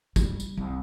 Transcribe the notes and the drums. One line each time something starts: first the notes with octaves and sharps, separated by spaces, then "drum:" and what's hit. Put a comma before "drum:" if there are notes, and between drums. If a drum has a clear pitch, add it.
G3, drum: kick, tambourine
drum: tambourine
C2